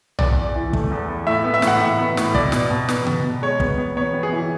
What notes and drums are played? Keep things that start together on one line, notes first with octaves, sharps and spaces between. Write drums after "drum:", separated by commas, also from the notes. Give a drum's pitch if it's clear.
E2 D5, drum: tom B1
E2
E3
A3, drum: kick
E2
E2
A2 E5
B3
E5
A2, drum: snare
F#5
A2 E5
B3
A2, drum: snare
B2 D5, drum: kick
B2, drum: snare
B2
B3, drum: snare
B2, drum: tom C3
B2
G#3 C#5
B3, drum: kick
B3
B3 C#5
B3
G#4
E3